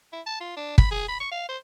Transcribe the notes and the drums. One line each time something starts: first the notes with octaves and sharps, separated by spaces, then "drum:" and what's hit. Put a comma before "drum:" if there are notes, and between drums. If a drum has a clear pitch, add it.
E4
A5
F4
D4
B5, drum: kick
G#4
B5
C#6
F5
C5